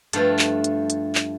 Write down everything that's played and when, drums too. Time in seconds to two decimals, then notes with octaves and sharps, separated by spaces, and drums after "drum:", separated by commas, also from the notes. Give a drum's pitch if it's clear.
0.13 G2 F3 A3 A4, drum: hi-hat
0.39 drum: clap
0.64 drum: hi-hat
0.90 drum: hi-hat
1.15 drum: clap